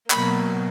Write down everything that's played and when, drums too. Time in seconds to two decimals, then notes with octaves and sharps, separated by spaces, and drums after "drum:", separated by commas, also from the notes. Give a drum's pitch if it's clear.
0.10 B2 F#3 A#3 B5, drum: clap